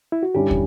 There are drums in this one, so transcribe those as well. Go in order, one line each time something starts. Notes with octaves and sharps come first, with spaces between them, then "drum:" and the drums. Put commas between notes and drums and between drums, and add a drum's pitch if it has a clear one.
E4
F#4
G2 D3 G3 C#4 E4 G4
drum: kick